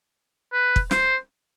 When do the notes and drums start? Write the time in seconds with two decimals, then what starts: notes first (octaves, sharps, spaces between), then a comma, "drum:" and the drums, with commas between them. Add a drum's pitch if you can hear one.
0.53 B4
0.76 drum: kick
0.91 C5, drum: snare